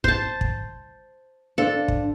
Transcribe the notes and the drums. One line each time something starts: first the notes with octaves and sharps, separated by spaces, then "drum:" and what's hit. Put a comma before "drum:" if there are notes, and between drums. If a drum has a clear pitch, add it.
C5 A5, drum: kick
drum: kick
D4 A4 C5 F5
drum: kick